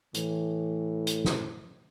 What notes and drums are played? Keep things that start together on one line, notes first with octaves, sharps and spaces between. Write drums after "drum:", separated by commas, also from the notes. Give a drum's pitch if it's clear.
A2 E3, drum: hi-hat
drum: hi-hat
drum: snare